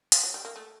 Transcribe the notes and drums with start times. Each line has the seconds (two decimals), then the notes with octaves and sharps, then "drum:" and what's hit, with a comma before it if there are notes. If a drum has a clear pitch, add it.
0.12 F3, drum: hi-hat
0.23 F#3
0.34 G3
0.45 A#3
0.56 A3